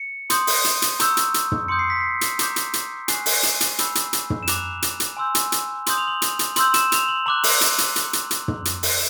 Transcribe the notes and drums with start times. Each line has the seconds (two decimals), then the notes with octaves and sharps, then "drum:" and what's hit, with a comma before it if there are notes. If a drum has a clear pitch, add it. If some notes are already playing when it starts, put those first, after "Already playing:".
Already playing: C#7
0.30 C6 D#6 G6, drum: hi-hat
0.47 drum: open hi-hat
0.65 drum: hi-hat
0.82 drum: hi-hat
1.00 A#5 C#6 E6 G6, drum: hi-hat
1.17 drum: hi-hat
1.34 drum: hi-hat
1.52 drum: tom
1.68 C6 D#6 G6 C#7
1.79 C7
1.90 B6
2.01 C7
2.21 drum: hi-hat
2.39 A#5 D6 G6, drum: hi-hat
2.56 drum: hi-hat
2.73 drum: hi-hat
3.08 G#5 C#6 F#6 C7, drum: hi-hat
3.26 drum: open hi-hat
3.43 drum: hi-hat
3.61 drum: hi-hat
3.79 B5 E6 G6, drum: hi-hat
3.95 drum: hi-hat
4.13 drum: hi-hat
4.30 drum: tom
4.43 E7
4.47 A#5 D6 F#6 F7, drum: hi-hat
4.82 drum: hi-hat
5.00 drum: hi-hat
5.17 G#5 C6 E6 G6
5.35 drum: hi-hat
5.52 drum: hi-hat
5.86 C6 D#6 G6 F#7, drum: hi-hat
5.98 F7
6.08 F#7
6.22 drum: hi-hat
6.39 drum: hi-hat
6.56 C6 E6 G6 F#7, drum: hi-hat
6.74 E7, drum: hi-hat
6.92 F7, drum: hi-hat
7.09 F#7
7.26 A#5 D6 F#6 F#7
7.44 F#7, drum: open hi-hat
7.61 drum: hi-hat
7.78 drum: hi-hat
7.96 drum: hi-hat
8.13 drum: hi-hat
8.31 drum: hi-hat
8.48 drum: tom
8.65 drum: hi-hat
8.83 drum: open hi-hat